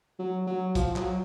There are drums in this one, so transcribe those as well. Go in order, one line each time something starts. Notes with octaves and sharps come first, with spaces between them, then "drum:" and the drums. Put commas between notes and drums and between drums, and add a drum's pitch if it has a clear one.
F#3
F#3
F3, drum: kick, hi-hat
F#3, drum: clap